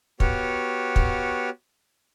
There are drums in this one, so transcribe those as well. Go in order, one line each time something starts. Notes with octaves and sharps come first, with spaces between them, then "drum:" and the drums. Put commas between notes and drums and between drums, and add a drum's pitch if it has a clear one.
B3 F#4 G4 C#5 F6, drum: kick
drum: kick